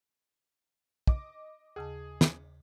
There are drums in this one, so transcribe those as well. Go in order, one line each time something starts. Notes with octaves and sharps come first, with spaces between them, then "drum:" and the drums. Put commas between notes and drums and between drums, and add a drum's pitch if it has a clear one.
D#5 D6, drum: kick
D#2 C#3 G#4 A5
drum: snare